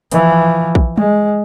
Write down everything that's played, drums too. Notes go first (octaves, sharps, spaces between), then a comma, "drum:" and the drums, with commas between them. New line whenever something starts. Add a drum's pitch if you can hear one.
E3 F3, drum: hi-hat
drum: kick
G#3, drum: tom G3